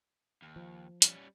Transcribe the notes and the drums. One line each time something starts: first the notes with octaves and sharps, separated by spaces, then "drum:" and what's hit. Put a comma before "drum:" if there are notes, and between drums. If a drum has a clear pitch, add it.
D#2
F3
G3 C#4, drum: hi-hat